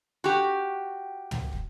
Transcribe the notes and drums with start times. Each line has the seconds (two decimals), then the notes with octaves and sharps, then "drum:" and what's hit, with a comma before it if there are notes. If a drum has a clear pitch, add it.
0.24 F#4 G4
1.31 drum: tom
1.53 drum: kick